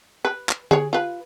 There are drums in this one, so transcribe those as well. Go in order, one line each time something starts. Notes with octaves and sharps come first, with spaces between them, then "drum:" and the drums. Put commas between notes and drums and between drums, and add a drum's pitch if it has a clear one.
B4
drum: clap
G#4 C#5, drum: tom D3
F4 B4